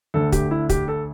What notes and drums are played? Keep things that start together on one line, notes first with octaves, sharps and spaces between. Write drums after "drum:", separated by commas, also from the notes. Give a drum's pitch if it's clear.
D2 D3 A3 A4
G4, drum: kick, hi-hat
E4
G4, drum: kick, hi-hat
A4